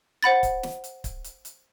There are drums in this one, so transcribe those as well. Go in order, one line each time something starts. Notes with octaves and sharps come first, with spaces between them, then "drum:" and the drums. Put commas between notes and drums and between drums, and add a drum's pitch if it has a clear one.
C5 F#5 B5 A6
drum: kick, hi-hat
drum: snare
drum: hi-hat
drum: kick, hi-hat
drum: hi-hat
drum: hi-hat